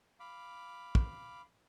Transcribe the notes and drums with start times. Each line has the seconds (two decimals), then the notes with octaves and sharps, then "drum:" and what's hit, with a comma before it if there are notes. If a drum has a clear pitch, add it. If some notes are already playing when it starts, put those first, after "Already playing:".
0.20 F5 B5 D6
0.95 drum: kick